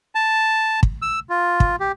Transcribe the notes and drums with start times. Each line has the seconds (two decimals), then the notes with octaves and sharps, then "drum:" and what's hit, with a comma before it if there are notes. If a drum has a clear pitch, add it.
0.15 A5
0.83 drum: kick
1.02 E6
1.30 F4
1.60 drum: kick
1.80 G4